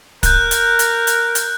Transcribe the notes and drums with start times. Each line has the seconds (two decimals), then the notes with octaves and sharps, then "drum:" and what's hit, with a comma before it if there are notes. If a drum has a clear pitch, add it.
0.23 A#4 F#6 G6, drum: kick, hi-hat
0.51 drum: hi-hat
0.79 drum: hi-hat
1.07 drum: hi-hat
1.35 drum: hi-hat